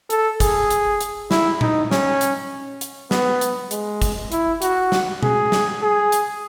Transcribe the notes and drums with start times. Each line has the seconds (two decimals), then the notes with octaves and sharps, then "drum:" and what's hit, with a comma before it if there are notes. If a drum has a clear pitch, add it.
0.10 A4, drum: hi-hat
0.40 G#4, drum: kick, hi-hat
0.70 drum: hi-hat
1.01 drum: hi-hat
1.31 E4, drum: snare
1.61 D#4, drum: tom A#2
1.91 C#4, drum: snare
2.21 drum: hi-hat
2.81 drum: hi-hat
3.11 B3, drum: snare
3.41 drum: hi-hat
3.71 G#3, drum: hi-hat
4.02 drum: kick, hi-hat
4.32 E4, drum: hi-hat
4.62 F#4, drum: hi-hat
4.92 drum: snare
5.23 G#4, drum: tom B2
5.52 drum: snare
5.83 G#4
6.12 drum: hi-hat